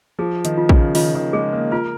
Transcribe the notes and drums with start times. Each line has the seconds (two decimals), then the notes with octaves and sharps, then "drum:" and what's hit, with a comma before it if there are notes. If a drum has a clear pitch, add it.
0.19 F3 G#4
0.45 D#3, drum: hi-hat
0.58 F4
0.69 C#3, drum: kick
0.95 D#3 F4, drum: open hi-hat
1.15 D#3
1.33 G#3 G#4
1.53 A#3
1.71 F4 A#4